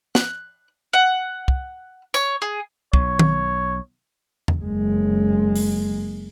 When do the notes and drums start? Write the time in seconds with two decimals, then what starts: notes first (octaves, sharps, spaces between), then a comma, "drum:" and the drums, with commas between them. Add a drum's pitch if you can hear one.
0.15 F#6, drum: snare
0.93 F#5
1.48 drum: kick
2.14 C#5, drum: tambourine
2.42 G#4
2.93 B1 C#5, drum: kick
3.19 drum: tom D#3
4.48 drum: tom E2
4.60 F#1 G#3
5.56 drum: open hi-hat